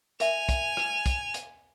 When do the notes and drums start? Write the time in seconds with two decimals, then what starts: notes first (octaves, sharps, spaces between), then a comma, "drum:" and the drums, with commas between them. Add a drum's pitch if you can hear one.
0.20 A#4 E5 G#5 F7, drum: hi-hat
0.49 drum: kick, hi-hat
0.77 drum: rim click
1.06 drum: kick, hi-hat
1.34 drum: hi-hat